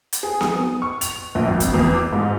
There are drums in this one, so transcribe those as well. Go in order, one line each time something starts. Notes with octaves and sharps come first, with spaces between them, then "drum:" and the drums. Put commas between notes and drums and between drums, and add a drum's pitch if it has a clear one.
drum: hi-hat
G#4
D#6, drum: snare B3
C#6
F7, drum: hi-hat
A#1
G#1
drum: kick, hi-hat
E2
D6
G#2